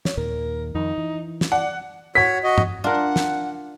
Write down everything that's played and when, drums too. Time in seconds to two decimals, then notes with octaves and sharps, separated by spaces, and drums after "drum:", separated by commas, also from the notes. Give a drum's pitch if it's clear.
0.05 C#5, drum: snare
0.17 D#2 A#2 D#3 A#4
0.75 F2 D#3 F3 D#4
0.98 E3
1.41 drum: snare
1.52 D5 F#5
2.15 F#4 C#5 B6
2.43 F#4 D#5
2.58 drum: tom G2
2.84 D4 F4 A#4 F#5
3.16 drum: snare